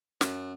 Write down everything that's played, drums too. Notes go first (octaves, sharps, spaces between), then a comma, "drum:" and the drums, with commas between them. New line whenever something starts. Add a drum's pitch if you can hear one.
F#2, drum: snare